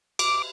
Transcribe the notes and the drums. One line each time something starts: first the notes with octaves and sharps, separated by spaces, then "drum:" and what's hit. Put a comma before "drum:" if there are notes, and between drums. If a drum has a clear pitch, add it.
D6, drum: cymbal